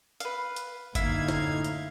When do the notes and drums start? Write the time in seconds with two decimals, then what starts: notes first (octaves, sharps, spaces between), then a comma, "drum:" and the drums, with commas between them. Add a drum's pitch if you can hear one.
0.20 B4 F5, drum: hi-hat
0.56 drum: hi-hat
0.95 F#2 A2 D3 A#3 D#4 E4 F5 G#6, drum: kick, hi-hat
1.28 drum: snare
1.64 drum: hi-hat